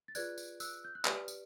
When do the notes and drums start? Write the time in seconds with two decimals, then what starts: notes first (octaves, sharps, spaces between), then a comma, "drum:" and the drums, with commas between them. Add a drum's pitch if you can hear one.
0.08 A6
0.15 F4 G#4 B4 D5 F#6 G#6, drum: tambourine
0.38 drum: tambourine
0.60 E6 F#6, drum: tambourine
0.84 G6
0.95 F#6
1.05 G4 B4 D5 D#6 F6, drum: clap
1.28 drum: tambourine